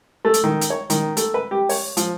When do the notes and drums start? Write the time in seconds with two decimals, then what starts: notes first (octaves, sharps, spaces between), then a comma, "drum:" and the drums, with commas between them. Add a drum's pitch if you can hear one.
0.25 A3
0.34 drum: hi-hat
0.44 D#3
0.61 drum: hi-hat
0.70 C#5
0.90 D#3, drum: hi-hat
1.17 A3, drum: hi-hat
1.34 B4
1.51 G4
1.69 C#5, drum: open hi-hat
1.97 F3, drum: hi-hat